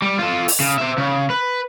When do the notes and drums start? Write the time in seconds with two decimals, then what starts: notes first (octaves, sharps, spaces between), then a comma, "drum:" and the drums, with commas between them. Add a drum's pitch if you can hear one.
0.02 G3
0.19 F4 A4
0.48 drum: open hi-hat
0.60 C#3
0.78 C5 E5
0.98 C#3
1.30 B4